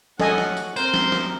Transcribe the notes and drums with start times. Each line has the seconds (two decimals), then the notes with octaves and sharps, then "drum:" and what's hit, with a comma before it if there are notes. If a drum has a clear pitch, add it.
0.20 C#4 A4 D#5 F#5 G#5, drum: snare
0.38 drum: snare
0.57 drum: tambourine
0.76 C4 A#4 C5, drum: tambourine
0.94 drum: snare
1.12 drum: snare